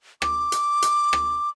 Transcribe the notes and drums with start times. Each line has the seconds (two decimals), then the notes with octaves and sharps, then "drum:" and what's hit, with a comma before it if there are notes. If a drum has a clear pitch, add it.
0.22 D6, drum: rim click
0.52 drum: hi-hat
0.82 drum: hi-hat
1.13 drum: rim click